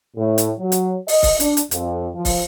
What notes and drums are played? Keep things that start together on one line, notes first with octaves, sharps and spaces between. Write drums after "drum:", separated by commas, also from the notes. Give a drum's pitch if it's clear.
A2
drum: hi-hat
F#3
drum: hi-hat
D#5, drum: open hi-hat
drum: kick, open hi-hat
D4, drum: hi-hat
drum: hi-hat
F2, drum: hi-hat
F3
drum: kick, open hi-hat